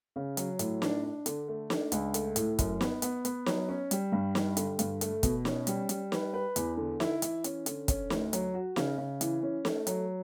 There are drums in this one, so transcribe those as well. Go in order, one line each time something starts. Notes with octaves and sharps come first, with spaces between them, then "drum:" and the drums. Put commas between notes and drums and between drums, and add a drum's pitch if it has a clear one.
C#3
F#3, drum: hi-hat
A2, drum: hi-hat
D4, drum: snare
D4
D3, drum: hi-hat
A3
D4, drum: snare
C#2, drum: hi-hat
A3, drum: hi-hat
A2, drum: hi-hat
F#2, drum: kick, hi-hat
B3, drum: snare
B3, drum: hi-hat
B3, drum: hi-hat
F#3, drum: snare
C#4
G3, drum: hi-hat
G2
G3, drum: snare
D3, drum: hi-hat
G2, drum: hi-hat
A3, drum: hi-hat
B2, drum: kick, hi-hat
C#4, drum: snare
G3, drum: hi-hat
G3, drum: hi-hat
B4, drum: snare
B4
E2, drum: hi-hat
D3
E4, drum: snare
E3, drum: hi-hat
C#4, drum: hi-hat
D3, drum: hi-hat
C#4, drum: kick, hi-hat
D2, drum: snare
F#3, drum: hi-hat
F#4
C#3, drum: snare
C#3
E3, drum: hi-hat
C#4
A3, drum: snare
F#3, drum: hi-hat